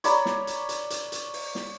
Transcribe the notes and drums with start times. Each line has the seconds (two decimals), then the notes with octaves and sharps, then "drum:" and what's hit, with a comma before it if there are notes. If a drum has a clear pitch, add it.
0.04 C#5 D5 A#5 B5, drum: hi-hat
0.26 drum: snare
0.47 drum: hi-hat
0.69 drum: hi-hat
0.90 drum: hi-hat
1.12 drum: hi-hat
1.34 drum: open hi-hat
1.55 drum: snare